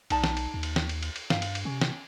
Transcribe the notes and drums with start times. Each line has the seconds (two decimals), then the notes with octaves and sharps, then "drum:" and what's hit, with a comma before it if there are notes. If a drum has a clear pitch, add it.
0.10 B1 D#4 D5 A5, drum: cymbal
0.24 drum: snare
0.37 drum: cymbal
0.54 D#2
0.63 drum: cymbal
0.76 drum: snare
0.89 drum: cymbal
1.03 drum: cymbal
1.16 drum: cymbal
1.30 G2 F5, drum: snare
1.42 drum: cymbal
1.55 drum: cymbal
1.65 C3 C#4
1.81 drum: snare